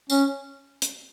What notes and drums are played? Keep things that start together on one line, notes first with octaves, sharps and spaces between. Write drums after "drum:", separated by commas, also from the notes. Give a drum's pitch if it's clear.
C#4, drum: tambourine
drum: hi-hat